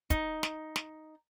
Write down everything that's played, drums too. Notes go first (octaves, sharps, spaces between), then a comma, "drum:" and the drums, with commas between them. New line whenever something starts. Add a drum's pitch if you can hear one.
D#4, drum: kick, hi-hat
drum: snare
drum: snare